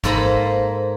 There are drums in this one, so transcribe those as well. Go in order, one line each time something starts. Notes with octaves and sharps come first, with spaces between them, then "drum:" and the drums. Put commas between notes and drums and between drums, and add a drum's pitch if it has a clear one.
G#2 A#3 A4 C5 A#5 B5, drum: kick